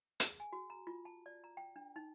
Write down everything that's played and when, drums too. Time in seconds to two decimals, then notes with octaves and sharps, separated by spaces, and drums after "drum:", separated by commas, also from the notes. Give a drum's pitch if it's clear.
0.20 G#4, drum: hi-hat
0.40 G#5
0.53 F#4
0.70 A#5
0.87 F4
1.05 A5
1.26 D5
1.44 A#5
1.57 G5
1.76 D4
1.96 D#4